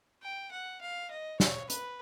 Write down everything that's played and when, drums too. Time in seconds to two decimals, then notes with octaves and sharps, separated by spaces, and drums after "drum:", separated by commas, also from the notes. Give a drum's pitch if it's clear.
0.22 G5
0.51 F#5
0.81 F5
1.11 D#5
1.40 C#5, drum: snare
1.70 B4, drum: hi-hat